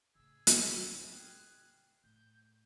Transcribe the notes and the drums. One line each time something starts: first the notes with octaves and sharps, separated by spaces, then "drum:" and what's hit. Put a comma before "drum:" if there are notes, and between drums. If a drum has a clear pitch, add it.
A2 C#3 G#4 E6
drum: hi-hat
G5 C6 F6 F#6
A2 G6